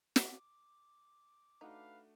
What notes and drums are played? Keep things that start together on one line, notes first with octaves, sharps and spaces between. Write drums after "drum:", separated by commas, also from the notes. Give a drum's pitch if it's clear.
D6, drum: snare
A3 D4 D#4 F#4 B4 F5